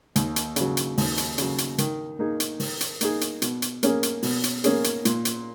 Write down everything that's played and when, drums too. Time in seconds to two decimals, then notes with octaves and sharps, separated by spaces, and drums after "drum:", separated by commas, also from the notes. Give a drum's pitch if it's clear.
0.16 D#2, drum: hi-hat
0.36 drum: hi-hat
0.56 C#3 F#3, drum: hi-hat
0.77 drum: hi-hat
0.98 D#2, drum: open hi-hat
1.18 drum: hi-hat
1.38 C#3 F#3, drum: hi-hat
1.58 drum: hi-hat
1.78 D#3, drum: hi-hat
2.19 A#3 D#4 G#4
2.40 drum: hi-hat
2.60 D#3, drum: open hi-hat
2.81 drum: hi-hat
3.01 A#3 D#4 G#4, drum: hi-hat
3.21 drum: hi-hat
3.42 B2, drum: hi-hat
3.62 drum: hi-hat
3.83 A#3 C#4 G#4, drum: hi-hat
4.03 drum: hi-hat
4.23 B2, drum: open hi-hat
4.44 drum: hi-hat
4.64 A#3 C#4 G#4, drum: hi-hat
4.84 drum: hi-hat
5.05 A#2, drum: hi-hat
5.25 drum: hi-hat